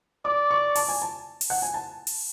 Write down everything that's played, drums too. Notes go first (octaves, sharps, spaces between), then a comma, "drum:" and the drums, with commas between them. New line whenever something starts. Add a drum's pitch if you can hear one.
D5 D6
C#6
A5, drum: open hi-hat
G#5
A5
drum: open hi-hat
F#5
G#5
A5
drum: open hi-hat